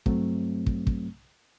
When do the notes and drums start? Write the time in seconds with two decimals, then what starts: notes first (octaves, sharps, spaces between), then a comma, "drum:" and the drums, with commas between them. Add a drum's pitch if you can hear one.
0.06 G2 F#3 A3 C4, drum: kick
0.66 drum: kick
0.87 drum: kick